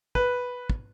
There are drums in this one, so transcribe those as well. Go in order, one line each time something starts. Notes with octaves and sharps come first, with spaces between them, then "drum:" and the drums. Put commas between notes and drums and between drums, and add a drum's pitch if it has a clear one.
B4, drum: kick
drum: kick